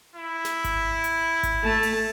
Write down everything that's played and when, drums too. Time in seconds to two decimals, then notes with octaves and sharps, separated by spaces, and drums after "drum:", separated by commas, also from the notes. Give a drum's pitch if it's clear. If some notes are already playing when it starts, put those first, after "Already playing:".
0.15 E4
0.45 drum: snare
0.64 drum: kick G#1, hi-hat
1.04 drum: hi-hat
1.43 drum: kick G#1, hi-hat
1.63 A3 A5
1.83 drum: open hi-hat